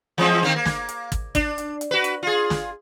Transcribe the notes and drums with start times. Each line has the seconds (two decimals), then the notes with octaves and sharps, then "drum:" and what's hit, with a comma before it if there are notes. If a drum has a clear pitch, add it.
0.18 E3 G#3 C4
0.43 D#3 A#3 C4
0.56 A#3
0.65 drum: snare
0.89 drum: hi-hat
1.12 drum: kick, hi-hat
1.35 D4, drum: kick, hi-hat
1.58 drum: hi-hat
1.81 drum: hi-hat
1.91 F#4 B4
2.04 drum: hi-hat
2.23 F4 G#4
2.50 drum: snare